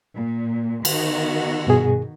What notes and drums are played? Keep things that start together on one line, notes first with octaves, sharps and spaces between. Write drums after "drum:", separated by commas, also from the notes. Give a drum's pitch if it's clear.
A#2
D#3 B3 F#4, drum: cymbal
G2 B2 G#4